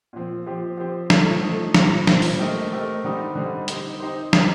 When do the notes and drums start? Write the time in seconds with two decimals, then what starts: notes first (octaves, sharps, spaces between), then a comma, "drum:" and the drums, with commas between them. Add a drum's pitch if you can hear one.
0.13 A#2 F3 C4
0.46 F3 C4 G4 C5
0.77 F3 C4 G4 C5
1.10 F3 A3 D#4 A4, drum: snare
1.42 F3 A3 D#4 A4
1.74 A#2 G3 C4, drum: snare
2.07 A#2 G3 C4, drum: snare
2.22 drum: open hi-hat
2.39 A3 C4 G4 A#4 D#5
2.72 A3 C4 G4 A#4 D#5
3.04 D3 G3 C4 D#4
3.35 D3 G3 C4 D#4
3.68 C4 D#4 G4 C5, drum: hi-hat
4.00 C4 D#4 G4 C5
4.33 G3 C4 D#4, drum: snare